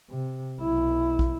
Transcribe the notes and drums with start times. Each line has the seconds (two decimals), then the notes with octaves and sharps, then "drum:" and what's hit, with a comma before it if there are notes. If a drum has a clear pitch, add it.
0.10 C3
0.60 B1 E4
1.19 drum: kick